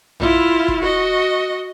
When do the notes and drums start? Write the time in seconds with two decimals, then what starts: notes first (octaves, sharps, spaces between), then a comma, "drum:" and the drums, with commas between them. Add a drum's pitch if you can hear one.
0.20 E4 F4, drum: tom A#1
0.68 drum: kick
0.81 F#4 D#5